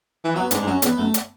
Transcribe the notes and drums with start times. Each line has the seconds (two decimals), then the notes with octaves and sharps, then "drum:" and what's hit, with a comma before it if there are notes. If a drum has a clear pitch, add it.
0.24 E3
0.35 F#3 B3
0.51 G#2 D4, drum: hi-hat
0.61 G#2
0.67 F#2 C#4
0.82 E2 B3, drum: hi-hat
0.98 F#2 A3
1.14 drum: hi-hat